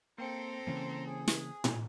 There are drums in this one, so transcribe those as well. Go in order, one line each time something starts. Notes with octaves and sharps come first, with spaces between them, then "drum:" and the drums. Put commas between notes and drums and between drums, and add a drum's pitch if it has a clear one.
A#3 C4 A4 G5 A#5 C6 C#7
C#3 E3 A#3 C#4
G#4
drum: snare
drum: tom A2